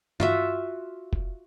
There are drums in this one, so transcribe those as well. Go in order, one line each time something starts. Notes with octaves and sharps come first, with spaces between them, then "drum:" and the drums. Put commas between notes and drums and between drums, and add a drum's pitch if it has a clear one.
F4 F#4 E5, drum: tom G2
drum: kick